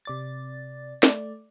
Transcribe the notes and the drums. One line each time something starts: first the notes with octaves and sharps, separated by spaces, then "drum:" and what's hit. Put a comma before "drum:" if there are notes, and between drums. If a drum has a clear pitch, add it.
C3 D5 A6
A3 D5, drum: snare